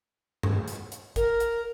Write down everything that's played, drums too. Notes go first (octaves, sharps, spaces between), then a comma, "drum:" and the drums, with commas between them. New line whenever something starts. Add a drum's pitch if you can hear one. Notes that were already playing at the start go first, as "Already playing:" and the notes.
drum: tom G2
drum: hi-hat
drum: hi-hat
A#4, drum: kick, hi-hat
drum: hi-hat